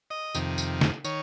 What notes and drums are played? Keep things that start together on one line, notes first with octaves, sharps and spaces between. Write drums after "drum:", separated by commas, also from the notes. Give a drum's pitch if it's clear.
D#5
F2 C3 D#3, drum: tambourine
drum: tambourine
drum: snare
D#3 C#5, drum: tambourine